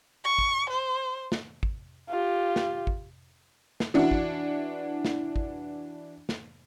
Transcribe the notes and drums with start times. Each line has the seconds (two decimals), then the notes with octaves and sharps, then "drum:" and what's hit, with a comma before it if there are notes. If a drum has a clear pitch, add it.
0.24 C#6
0.39 drum: kick
0.70 C5
1.32 drum: snare
1.63 drum: kick
2.09 F4 G4
2.56 drum: snare
2.87 drum: kick
3.80 drum: snare
3.94 E3 D4 F#4
4.11 drum: kick
5.05 drum: snare
5.36 drum: kick
6.29 drum: snare